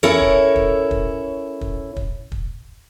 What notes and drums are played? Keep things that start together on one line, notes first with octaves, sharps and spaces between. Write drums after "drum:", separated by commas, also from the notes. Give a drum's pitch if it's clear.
C#4 E4 A4 A#4 C#5
drum: kick
drum: kick
drum: kick
drum: kick
drum: kick
drum: kick